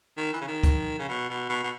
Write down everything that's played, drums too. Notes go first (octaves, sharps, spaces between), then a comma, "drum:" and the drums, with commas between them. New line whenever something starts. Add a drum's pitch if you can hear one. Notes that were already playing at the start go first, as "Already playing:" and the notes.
D#3
E3
C#3
D#3
drum: kick C#2, hi-hat
C#3
B2
B2
B2
B2